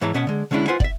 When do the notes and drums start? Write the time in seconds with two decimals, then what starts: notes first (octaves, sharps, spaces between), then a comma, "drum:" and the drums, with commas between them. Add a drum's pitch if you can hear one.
0.01 G#2 E3 C#5 E5 A5 A#5
0.14 B2 B3 C#4 E5 F#5 A5
0.27 D3 G#3
0.51 D3 G#3 C#4 D4 E4
0.68 F4 B4 C5 E5 F#5 G#5
0.80 D5 E5, drum: kick